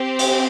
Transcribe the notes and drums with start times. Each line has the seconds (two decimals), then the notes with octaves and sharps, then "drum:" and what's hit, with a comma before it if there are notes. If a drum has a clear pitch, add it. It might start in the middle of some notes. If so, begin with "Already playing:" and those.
Already playing: C4 G4
0.19 drum: cymbal